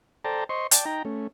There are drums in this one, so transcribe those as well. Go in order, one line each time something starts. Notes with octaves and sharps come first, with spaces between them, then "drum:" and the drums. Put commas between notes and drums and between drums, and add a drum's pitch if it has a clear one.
A4 C5 D5 G5 A5 A#5
C5 D#5 C6 C#6
D5 G5 A5, drum: hi-hat
D#4 G5 A#5
A3 C#4